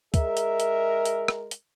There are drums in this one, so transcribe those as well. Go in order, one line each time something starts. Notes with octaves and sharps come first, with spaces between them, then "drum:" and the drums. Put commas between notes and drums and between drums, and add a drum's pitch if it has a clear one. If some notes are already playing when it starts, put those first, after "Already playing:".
G#3 G#4 A#4 E5, drum: kick, hi-hat
drum: hi-hat
drum: hi-hat
drum: hi-hat
drum: rim click
drum: hi-hat